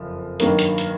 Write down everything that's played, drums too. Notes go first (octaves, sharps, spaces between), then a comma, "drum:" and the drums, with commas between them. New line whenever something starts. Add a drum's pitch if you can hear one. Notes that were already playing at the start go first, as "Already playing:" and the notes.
Already playing: F#1 F2 F3
G2 D#3 F#3 A#3, drum: hi-hat
drum: hi-hat
drum: hi-hat